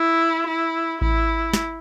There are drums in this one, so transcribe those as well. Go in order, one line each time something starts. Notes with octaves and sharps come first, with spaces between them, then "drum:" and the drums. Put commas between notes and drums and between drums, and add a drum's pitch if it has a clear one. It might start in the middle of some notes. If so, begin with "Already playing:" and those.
Already playing: E4
E4
E4, drum: kick A1
drum: snare